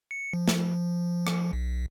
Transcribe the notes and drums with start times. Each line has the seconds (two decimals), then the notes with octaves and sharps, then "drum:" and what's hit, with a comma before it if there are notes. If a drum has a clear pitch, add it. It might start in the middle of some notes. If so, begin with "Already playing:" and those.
0.11 C#7
0.33 F3
0.48 drum: snare
1.27 drum: rim click
1.53 B1